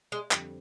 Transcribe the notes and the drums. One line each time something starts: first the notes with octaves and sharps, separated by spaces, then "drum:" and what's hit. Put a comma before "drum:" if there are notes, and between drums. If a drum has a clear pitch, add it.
G#3
F2 D3 G3 C4, drum: clap